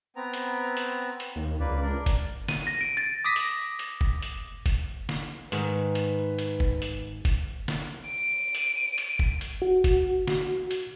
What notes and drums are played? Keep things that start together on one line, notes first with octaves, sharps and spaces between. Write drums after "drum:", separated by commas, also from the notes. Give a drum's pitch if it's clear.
B3 C4 A#5
drum: hi-hat
drum: hi-hat
drum: hi-hat
D#2
C#2 A#3 B4 D5
D4 A#4 D5
drum: kick, hi-hat
D#7, drum: snare
A#6
D7
A6
D6 D#6 A#6 B6
drum: hi-hat
drum: hi-hat
drum: kick
drum: hi-hat
drum: kick, hi-hat
drum: snare
G#2 D#3 B4, drum: hi-hat
drum: hi-hat
drum: hi-hat
drum: kick
drum: hi-hat
drum: kick, hi-hat
drum: snare
D7 D#7
drum: hi-hat
drum: hi-hat
drum: kick
drum: hi-hat
F#4
drum: kick, hi-hat
drum: snare
drum: hi-hat